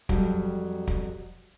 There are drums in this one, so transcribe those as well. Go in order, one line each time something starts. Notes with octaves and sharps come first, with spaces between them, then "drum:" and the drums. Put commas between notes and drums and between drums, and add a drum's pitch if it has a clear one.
F2 F#3 G3, drum: kick
drum: kick